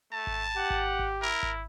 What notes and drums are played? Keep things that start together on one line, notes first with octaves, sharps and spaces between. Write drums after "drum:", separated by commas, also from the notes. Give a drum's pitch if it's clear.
A3 A5
drum: kick G#1
G4 F#5
drum: kick G#1
drum: kick G#1
E4 A#4
drum: kick G#1